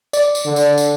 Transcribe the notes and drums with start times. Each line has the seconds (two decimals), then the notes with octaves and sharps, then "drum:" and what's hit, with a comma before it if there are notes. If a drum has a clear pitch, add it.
0.13 D5, drum: tambourine
0.35 drum: tambourine
0.45 D3
0.56 drum: tambourine
0.78 drum: tambourine